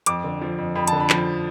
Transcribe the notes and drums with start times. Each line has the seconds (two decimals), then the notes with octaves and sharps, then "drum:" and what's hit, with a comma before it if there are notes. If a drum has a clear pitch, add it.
0.06 F2 D6, drum: hi-hat
0.24 D3
0.41 F3
0.58 F2
0.75 F2 B5
0.88 D3 A5, drum: hi-hat
1.00 B5
1.10 F3, drum: clap